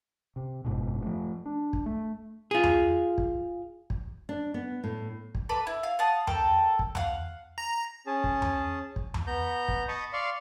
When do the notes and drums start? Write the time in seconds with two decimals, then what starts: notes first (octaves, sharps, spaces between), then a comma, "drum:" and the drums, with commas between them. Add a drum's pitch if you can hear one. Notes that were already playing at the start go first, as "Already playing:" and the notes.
0.36 C3
0.65 F#1 F2 G#2 B2
1.04 F3 A3
1.46 D4
1.73 drum: kick
1.86 A3
2.51 F4 G#4
2.63 drum: tom E2
3.18 drum: kick
3.90 drum: kick
4.29 D4
4.54 B3
4.84 A2
5.35 drum: kick
5.49 A4 B4 B5 D6
5.67 E4
5.83 F5
5.99 F5 F#5 A5 D#6
6.27 A4 A#4 G5, drum: tom E2
6.79 drum: kick
6.95 F5 F#5, drum: tom E2
7.58 A#5
8.06 C#4 G#4 A5
8.24 drum: kick
8.42 drum: tom E2
8.96 drum: kick
9.14 drum: tom E2
9.27 B3 A#5 G6
9.68 drum: kick
9.88 D#5 A5 B5 C#6 D#6
10.13 D5 F5 C6 C#6